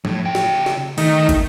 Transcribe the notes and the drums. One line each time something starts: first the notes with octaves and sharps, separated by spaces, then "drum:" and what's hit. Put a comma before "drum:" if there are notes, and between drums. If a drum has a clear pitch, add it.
A2, drum: tom F3
C#3 G5
drum: snare
drum: snare
D#3 A3, drum: open hi-hat
drum: kick, hi-hat